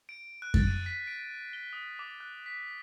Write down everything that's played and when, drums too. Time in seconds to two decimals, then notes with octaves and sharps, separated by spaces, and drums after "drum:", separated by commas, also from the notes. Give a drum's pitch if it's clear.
0.09 D7
0.42 F#6
0.54 A6, drum: kick F#2
0.67 D#7
0.86 B6
1.07 D7
1.53 G7
1.73 D#6
1.99 D6
2.20 F#6
2.46 B6